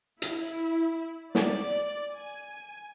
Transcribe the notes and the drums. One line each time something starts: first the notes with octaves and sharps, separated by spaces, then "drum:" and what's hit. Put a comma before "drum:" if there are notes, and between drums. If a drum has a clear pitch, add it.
E4, drum: hi-hat
D5, drum: snare
G#5